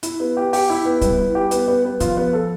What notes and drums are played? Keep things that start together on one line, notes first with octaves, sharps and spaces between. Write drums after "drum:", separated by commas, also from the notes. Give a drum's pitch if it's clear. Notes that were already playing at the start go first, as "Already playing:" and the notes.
E4, drum: hi-hat
B3
G4
G4, drum: open hi-hat
E4
B3
G3 B3, drum: kick C#2, hi-hat
E4
G4
B3, drum: hi-hat
B3
B3
F3 F4, drum: hi-hat
B3
A4